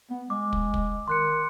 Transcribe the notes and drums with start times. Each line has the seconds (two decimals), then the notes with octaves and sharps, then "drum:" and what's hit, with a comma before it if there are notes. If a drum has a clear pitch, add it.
0.10 B3
0.30 G#3 D6
0.53 drum: kick
0.74 drum: kick
1.08 D#3 C6 F#6 C#7